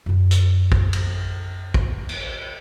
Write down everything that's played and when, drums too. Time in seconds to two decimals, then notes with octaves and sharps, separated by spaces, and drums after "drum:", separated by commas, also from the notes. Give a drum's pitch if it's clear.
0.06 F#2 D3
0.31 drum: hi-hat
0.72 drum: kick
0.93 drum: cymbal
1.74 drum: kick
2.09 drum: cymbal